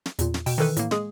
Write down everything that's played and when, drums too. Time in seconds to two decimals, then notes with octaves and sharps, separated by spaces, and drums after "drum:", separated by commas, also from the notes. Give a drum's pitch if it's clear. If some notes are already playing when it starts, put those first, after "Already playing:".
0.06 drum: snare
0.19 E2 A#2, drum: hi-hat
0.34 drum: snare
0.46 B2 G5, drum: open hi-hat
0.58 D#3 E3 A4 B4
0.77 A2 A#3, drum: hi-hat
0.91 G#3 G#4, drum: snare